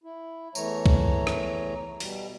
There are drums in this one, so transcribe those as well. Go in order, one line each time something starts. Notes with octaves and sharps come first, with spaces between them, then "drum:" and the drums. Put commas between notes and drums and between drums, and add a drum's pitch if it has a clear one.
E4
E2 E3 A3 C#5 A#5, drum: tambourine
drum: kick C2
drum: rim click
B2 G3, drum: open hi-hat